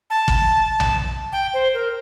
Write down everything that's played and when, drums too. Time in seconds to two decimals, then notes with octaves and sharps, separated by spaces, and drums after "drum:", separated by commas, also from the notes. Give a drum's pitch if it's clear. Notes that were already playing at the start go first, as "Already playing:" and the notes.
0.10 A5
0.28 drum: kick
0.80 drum: tom B1
1.32 G5
1.54 C5
1.74 A#4